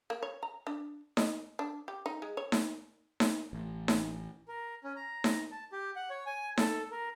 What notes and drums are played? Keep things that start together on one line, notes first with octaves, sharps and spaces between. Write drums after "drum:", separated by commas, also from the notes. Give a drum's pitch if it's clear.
A#3
C#5
A#5
D4
D#5, drum: snare D#4
D4
G4
D#4
G#3
C#5
drum: snare D#4
drum: snare D#4
A1
drum: snare D#4
A#4
C#4
A#5
drum: snare D#4
A5
G4
F#5
C#5
G#5
A4, drum: snare D#4
A#4